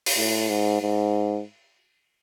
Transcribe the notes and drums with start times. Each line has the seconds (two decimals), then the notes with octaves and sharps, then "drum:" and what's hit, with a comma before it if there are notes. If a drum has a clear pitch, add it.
0.06 drum: open hi-hat
0.17 A2
0.49 G#2
0.82 G#2